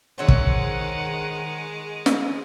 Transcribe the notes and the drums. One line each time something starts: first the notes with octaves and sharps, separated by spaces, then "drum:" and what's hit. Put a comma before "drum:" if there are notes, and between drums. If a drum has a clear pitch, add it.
D#3 G#3 G#4 C5 C#5 E5 F#5
drum: kick
drum: snare